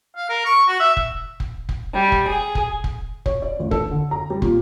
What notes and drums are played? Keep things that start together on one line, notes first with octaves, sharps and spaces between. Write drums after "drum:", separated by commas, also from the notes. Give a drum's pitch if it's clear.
F5
A#4
C#6
F#4
E5
drum: kick
drum: kick
drum: kick
G3
drum: kick
G#4
drum: kick
drum: kick
C#5, drum: kick
D5
A1
A4, drum: kick
D3
A#5
G3
A#2, drum: kick